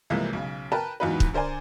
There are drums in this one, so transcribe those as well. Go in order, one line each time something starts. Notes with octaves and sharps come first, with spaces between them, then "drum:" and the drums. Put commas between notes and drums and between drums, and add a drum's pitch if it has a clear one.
C2 C3 E3 F3 G#3 A#3
B1 C#3
A#4 B4 G5 A5
E2 G#2 F#3 D#4 F4 B4
drum: kick
D3 A#4 C5 D5 G#5